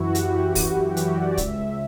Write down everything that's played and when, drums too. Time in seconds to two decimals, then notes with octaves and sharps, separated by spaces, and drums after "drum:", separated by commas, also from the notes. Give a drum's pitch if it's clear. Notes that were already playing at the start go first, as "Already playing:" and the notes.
Already playing: F#2 E3 E4 F#4
0.15 E3 G4, drum: hi-hat
0.35 F#2 F#4
0.55 E3, drum: kick, open hi-hat
0.76 F#2
0.91 G4
0.97 E3 F#4, drum: hi-hat
1.17 F#2 D5
1.37 C#2 E5, drum: kick, hi-hat
1.59 C#2